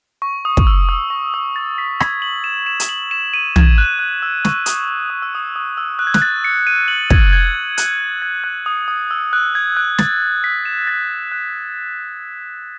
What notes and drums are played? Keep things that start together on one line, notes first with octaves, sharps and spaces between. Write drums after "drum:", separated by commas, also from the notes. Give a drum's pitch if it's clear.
C#6
D#6
drum: kick
E6
D#6
C#6
D#6
A6
B6
G#6, drum: rim click
F#7
E7
E7
drum: hi-hat
F#7
E7
D#7
G#6, drum: tom
F#6
F#6
E6
C#6, drum: snare
D#6, drum: hi-hat
D#6
E6
D#6
D#6
E6
F#6
G#6
F#6, drum: snare
A6
C#7
D#7
F#7
G#6, drum: kick
G#6
F#6
F#6, drum: hi-hat
A6
G#6
F#6
D#6
D#6
E6
F#6
G#6
F#6
A6, drum: snare
B6
E7
A6
F#6